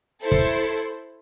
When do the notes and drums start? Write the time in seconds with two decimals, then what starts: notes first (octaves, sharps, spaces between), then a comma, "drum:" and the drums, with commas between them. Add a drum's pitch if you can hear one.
0.22 E4 A4 C5
0.32 drum: kick